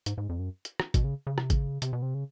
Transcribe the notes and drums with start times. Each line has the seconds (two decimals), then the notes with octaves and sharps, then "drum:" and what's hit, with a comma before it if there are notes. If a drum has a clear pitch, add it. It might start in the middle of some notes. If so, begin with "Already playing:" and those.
0.06 G#2, drum: hi-hat
0.18 G#2
0.29 F2
0.39 F#2
0.65 drum: hi-hat
0.80 drum: rim click
0.94 B2, drum: kick, hi-hat
1.04 C#3
1.27 C#3
1.38 C3, drum: rim click
1.50 C#3, drum: kick, hi-hat
1.82 C3, drum: hi-hat
1.93 B2
2.03 C3
2.14 C#3